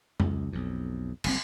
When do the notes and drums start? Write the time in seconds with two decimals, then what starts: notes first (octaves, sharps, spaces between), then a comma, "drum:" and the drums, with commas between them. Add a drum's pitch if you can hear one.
0.20 C#2, drum: tom F2
0.52 B1 F2
1.24 F#1 C2 C4, drum: cymbal